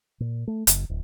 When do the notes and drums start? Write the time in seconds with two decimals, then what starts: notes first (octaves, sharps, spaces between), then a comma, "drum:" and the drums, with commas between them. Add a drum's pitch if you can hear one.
0.20 A#2
0.47 A3
0.67 F#1, drum: hi-hat
0.89 D1